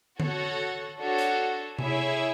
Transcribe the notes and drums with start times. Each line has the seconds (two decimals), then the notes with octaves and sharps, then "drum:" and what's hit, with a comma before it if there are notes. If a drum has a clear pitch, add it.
0.20 F#4 A4 C#5 F#5, drum: tom D3
0.99 D4 F#4 A4 C#5
1.18 drum: hi-hat
1.79 E4 G#4 C#5 E5 G#5, drum: tom C3